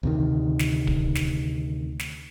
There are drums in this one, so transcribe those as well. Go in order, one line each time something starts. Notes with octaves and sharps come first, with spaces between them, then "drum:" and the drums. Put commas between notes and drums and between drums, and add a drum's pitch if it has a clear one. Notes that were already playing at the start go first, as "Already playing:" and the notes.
D2 C3 D#3
drum: snare
drum: kick
drum: snare
drum: snare